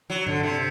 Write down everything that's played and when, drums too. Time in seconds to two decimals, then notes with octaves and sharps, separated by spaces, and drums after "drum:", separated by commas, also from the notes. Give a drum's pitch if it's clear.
0.10 F#3
0.27 D3, drum: tom G2
0.43 C3